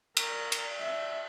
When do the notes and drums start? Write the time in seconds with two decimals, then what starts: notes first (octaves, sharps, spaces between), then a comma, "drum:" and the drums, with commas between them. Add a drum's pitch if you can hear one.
0.17 A#4, drum: cymbal
0.52 drum: cymbal
0.79 E5